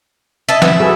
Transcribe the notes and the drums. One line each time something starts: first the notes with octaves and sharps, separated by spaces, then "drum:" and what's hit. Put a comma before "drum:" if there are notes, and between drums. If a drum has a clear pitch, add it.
E4 D#5 A5
B3 E5, drum: snare
F#3 G#4 A4